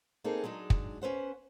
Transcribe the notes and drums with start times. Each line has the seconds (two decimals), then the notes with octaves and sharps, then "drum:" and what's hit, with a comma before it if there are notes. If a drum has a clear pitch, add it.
0.24 A#3 C4 D#4 G#4 A4
0.44 F#3 G#3 D4 D#4
0.70 drum: kick
1.02 C#4 B4 C5 F#5